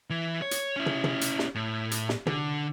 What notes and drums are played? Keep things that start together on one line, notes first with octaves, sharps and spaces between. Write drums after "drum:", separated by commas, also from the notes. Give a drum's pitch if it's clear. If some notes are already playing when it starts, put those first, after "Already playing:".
E3
C#5
drum: hi-hat
C#4 E4
drum: tom
drum: tom
drum: hi-hat
drum: snare
A2
drum: hi-hat
drum: snare
D3, drum: tom